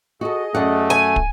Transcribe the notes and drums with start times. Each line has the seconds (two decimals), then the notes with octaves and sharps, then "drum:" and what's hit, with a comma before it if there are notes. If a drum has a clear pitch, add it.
0.21 F#4 G#4 A4 D#5
0.55 F#2 A3 D5 F#5
0.90 G#5
1.16 drum: kick